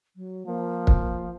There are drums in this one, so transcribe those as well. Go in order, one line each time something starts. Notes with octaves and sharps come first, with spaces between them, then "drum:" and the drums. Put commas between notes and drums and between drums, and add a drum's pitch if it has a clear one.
F#3
F3 A#3
drum: kick